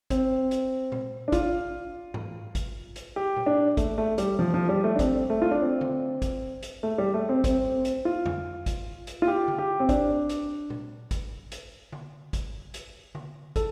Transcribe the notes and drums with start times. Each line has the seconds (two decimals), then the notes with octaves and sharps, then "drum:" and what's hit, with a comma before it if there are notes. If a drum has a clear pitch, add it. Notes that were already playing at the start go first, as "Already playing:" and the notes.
0.10 C4, drum: kick, hi-hat
0.51 drum: hi-hat
0.92 drum: tom A#2
1.28 D4
1.32 F4, drum: kick, hi-hat
2.14 drum: tom G#2
2.55 drum: kick, hi-hat
2.96 drum: hi-hat
3.16 G4
3.37 drum: tom A#2
3.46 D4
3.77 A3, drum: kick, hi-hat
3.98 A3
4.18 G3, drum: hi-hat
4.39 F3
4.54 F3
4.69 G3
4.84 A3
4.96 D4
4.99 C4, drum: kick, hi-hat
5.30 A3
5.42 F4
5.51 D4
5.61 C4
5.81 drum: tom D3
6.22 drum: kick, hi-hat
6.63 drum: hi-hat
6.83 A3
6.98 G3
7.14 A3
7.29 C4
7.44 C4, drum: kick, hi-hat
7.85 drum: hi-hat
8.05 F4
8.26 drum: tom F2
8.66 drum: kick, hi-hat
9.07 drum: hi-hat
9.22 F4
9.28 G4
9.48 drum: tom D3
9.59 G4
9.80 C4
9.89 D4, drum: kick, hi-hat
10.29 drum: hi-hat
10.70 drum: tom A#2
11.11 drum: kick, hi-hat
11.52 drum: hi-hat
11.92 drum: tom D3
12.33 drum: kick, hi-hat
12.74 drum: hi-hat
13.15 drum: tom D3
13.56 A4, drum: kick, hi-hat